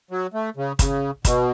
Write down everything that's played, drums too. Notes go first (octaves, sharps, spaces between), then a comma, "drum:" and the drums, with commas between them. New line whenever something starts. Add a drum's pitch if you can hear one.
F#3
A3
C#3
C#3, drum: kick, hi-hat
B2, drum: kick, hi-hat